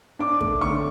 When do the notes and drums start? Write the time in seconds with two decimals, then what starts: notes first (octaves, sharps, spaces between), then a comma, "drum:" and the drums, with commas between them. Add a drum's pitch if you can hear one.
0.19 D4 D6
0.41 A3, drum: kick
0.61 D3 C#6